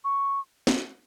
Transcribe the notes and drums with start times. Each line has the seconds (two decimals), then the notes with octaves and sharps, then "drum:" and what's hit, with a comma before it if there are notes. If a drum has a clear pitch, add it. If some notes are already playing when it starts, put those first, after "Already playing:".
0.04 C#6
0.67 drum: snare